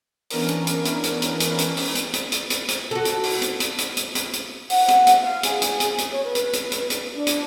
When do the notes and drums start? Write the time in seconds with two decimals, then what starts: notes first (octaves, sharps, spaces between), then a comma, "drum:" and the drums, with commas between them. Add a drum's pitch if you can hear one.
0.30 E3 B3 C#4 D4 A#4, drum: open hi-hat
0.49 drum: hi-hat
0.67 drum: hi-hat
0.85 drum: hi-hat
1.04 drum: hi-hat
1.22 drum: hi-hat
1.40 drum: hi-hat
1.59 drum: hi-hat
1.77 drum: open hi-hat
1.95 drum: hi-hat
2.14 drum: hi-hat
2.32 drum: hi-hat
2.50 drum: hi-hat
2.69 drum: hi-hat
2.91 F#4 A4
3.05 drum: hi-hat
3.23 drum: open hi-hat
3.42 drum: hi-hat
3.60 drum: hi-hat
3.78 drum: hi-hat
3.97 drum: hi-hat
4.15 drum: hi-hat
4.33 drum: hi-hat
4.70 F#5, drum: open hi-hat
4.88 drum: hi-hat
5.07 drum: hi-hat
5.22 F5
5.43 G#4, drum: hi-hat
5.62 drum: hi-hat
5.80 drum: hi-hat
5.98 drum: hi-hat
6.11 C#5
6.24 B4
6.35 drum: hi-hat
6.53 drum: hi-hat
6.72 drum: hi-hat
6.90 drum: hi-hat
7.15 D4
7.27 drum: hi-hat